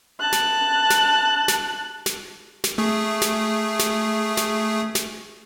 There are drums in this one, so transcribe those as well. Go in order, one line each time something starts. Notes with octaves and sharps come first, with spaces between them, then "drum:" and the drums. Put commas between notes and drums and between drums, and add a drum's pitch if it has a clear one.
A5 F#6
drum: snare
drum: snare
drum: snare
drum: snare
drum: snare
A3 G#4
drum: snare
drum: snare
drum: snare
drum: snare